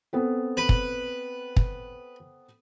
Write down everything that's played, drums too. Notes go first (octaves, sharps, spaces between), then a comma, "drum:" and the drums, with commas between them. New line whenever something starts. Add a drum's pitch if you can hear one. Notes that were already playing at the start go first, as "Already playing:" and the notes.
B3 C4 A4
B4
drum: kick
drum: kick